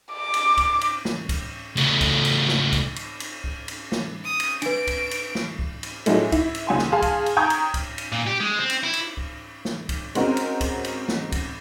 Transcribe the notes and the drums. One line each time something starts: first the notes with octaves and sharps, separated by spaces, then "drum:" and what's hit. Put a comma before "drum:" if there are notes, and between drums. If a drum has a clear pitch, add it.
D6
drum: cymbal
drum: kick C#2, cymbal
drum: cymbal
drum: snare
drum: kick C#2, cymbal
C#3 A3, drum: cymbal
drum: kick C#2, cymbal
drum: cymbal
drum: snare
drum: kick C#2, cymbal
drum: cymbal
drum: cymbal
drum: kick C#2
drum: cymbal
drum: snare
D#6
drum: cymbal
D4 B4 D7, drum: cymbal
drum: kick C#2, cymbal
drum: cymbal
drum: snare
drum: kick C#2
drum: cymbal
A2 F3 F#3 G#3 A3, drum: cymbal
E4, drum: kick C#2, cymbal
drum: cymbal
C#2 G#5 C6
drum: snare
G#4 F5 A5 C6 F6
drum: kick C#2, cymbal
drum: cymbal
G5 A#5 C#6 D#6 G6 G#6
drum: cymbal
drum: kick C#2, cymbal
drum: cymbal
A#2
G4
G#3
C4
drum: cymbal
E4
drum: cymbal
drum: kick C#2
drum: snare
drum: kick C#2, cymbal
G#3 C4 C#4 F#4 A#4, drum: cymbal
drum: cymbal
drum: kick C#2, cymbal
drum: cymbal
drum: snare
drum: kick C#2, cymbal